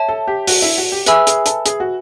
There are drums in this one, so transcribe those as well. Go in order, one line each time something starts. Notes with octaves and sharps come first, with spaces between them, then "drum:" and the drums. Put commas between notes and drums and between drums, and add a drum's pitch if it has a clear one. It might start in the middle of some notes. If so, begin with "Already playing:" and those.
Already playing: C#5 E5 A5
A4
G4
F#4, drum: open hi-hat
E4
F#4
G4
G#4 B4 E5 G#5 B5 E6, drum: hi-hat
G#4, drum: hi-hat
A4, drum: hi-hat
G#4, drum: hi-hat
F#4